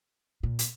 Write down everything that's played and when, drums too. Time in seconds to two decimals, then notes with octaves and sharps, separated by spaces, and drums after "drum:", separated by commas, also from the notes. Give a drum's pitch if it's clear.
0.43 A#2
0.59 drum: hi-hat